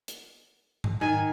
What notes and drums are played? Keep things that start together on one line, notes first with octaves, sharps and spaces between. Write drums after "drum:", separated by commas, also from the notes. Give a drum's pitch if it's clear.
drum: hi-hat
drum: tom G#2
D#3 G#5